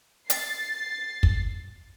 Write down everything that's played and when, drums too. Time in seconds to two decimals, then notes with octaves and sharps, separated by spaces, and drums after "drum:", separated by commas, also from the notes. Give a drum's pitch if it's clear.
0.30 A6 C7, drum: hi-hat
1.23 drum: kick